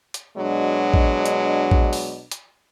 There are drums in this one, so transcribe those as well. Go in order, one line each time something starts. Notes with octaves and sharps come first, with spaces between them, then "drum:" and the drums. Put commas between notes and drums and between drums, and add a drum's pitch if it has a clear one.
drum: hi-hat
B2 F#3 G#3 D4
drum: kick
drum: hi-hat
drum: kick
drum: open hi-hat
drum: hi-hat